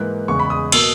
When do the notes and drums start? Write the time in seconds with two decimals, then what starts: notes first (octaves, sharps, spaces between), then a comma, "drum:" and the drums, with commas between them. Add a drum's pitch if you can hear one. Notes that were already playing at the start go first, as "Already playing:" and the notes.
Already playing: G#2 E3 A#3 F#6
0.28 E2 C#3 G#3 C#6
0.39 B5
0.50 D#6
0.72 B2 A#3 E6, drum: cymbal